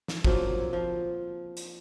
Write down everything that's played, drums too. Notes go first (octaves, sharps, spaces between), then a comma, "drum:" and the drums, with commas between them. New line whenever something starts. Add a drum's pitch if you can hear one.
drum: snare
F3 F#3 A#3 C4, drum: kick
F3
drum: hi-hat